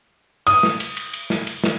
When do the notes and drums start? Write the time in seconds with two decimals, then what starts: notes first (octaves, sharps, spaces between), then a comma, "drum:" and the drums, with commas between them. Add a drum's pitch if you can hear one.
0.47 D#6, drum: cymbal
0.63 drum: snare
0.80 drum: cymbal
0.97 drum: cymbal
1.13 drum: cymbal
1.30 drum: snare
1.47 drum: cymbal
1.64 drum: snare